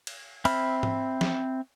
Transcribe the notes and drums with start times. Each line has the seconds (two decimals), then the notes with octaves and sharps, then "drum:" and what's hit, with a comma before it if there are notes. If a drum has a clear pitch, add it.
0.07 drum: cymbal
0.45 C4 E5 B5 F6, drum: cymbal
0.83 drum: tom G#2
1.21 drum: snare